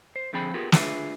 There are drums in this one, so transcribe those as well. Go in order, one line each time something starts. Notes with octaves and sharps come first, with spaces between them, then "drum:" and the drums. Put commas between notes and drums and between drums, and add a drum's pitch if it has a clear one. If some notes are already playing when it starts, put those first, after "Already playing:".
C5
D3 F3 C4 G#4 G5 B5
B3 F4 G4 G#4 A#4
D4 F4 G#4 B4 E5, drum: snare